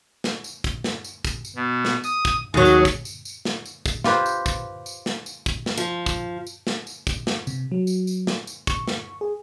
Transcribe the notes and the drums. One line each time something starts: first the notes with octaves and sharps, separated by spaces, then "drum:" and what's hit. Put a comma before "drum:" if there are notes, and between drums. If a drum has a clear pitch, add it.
drum: snare
drum: tambourine
drum: kick, tambourine
drum: snare
drum: tambourine
drum: kick, tambourine
drum: tambourine
B2
drum: snare
D#6, drum: tambourine
drum: kick, tambourine
D#2 F#3 G#4
drum: tambourine
drum: kick, tambourine
drum: tambourine
drum: tambourine
drum: snare
drum: tambourine
drum: kick, tambourine
F4 G4 B4 C5, drum: snare
drum: tambourine
drum: kick, tambourine
drum: tambourine
drum: snare
drum: tambourine
drum: kick, tambourine
drum: snare
F3
drum: kick, tambourine
drum: tambourine
drum: snare
drum: tambourine
drum: kick, tambourine
drum: snare
C3, drum: tambourine
F#3
drum: tambourine
drum: tambourine
drum: snare
drum: tambourine
C#6, drum: kick, tambourine
drum: snare
G#4